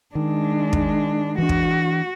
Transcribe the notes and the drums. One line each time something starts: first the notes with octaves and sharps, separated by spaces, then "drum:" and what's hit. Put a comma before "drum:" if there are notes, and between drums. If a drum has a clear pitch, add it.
D#3 G#3 D4
drum: kick
E3 D4 F#4
drum: kick